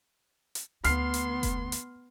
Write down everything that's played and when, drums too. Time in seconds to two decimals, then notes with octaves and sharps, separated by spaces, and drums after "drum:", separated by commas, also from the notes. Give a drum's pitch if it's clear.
0.55 drum: hi-hat
0.84 D2 B3 C6 F6 C7, drum: hi-hat
1.14 drum: hi-hat
1.43 drum: kick F1, hi-hat
1.72 drum: hi-hat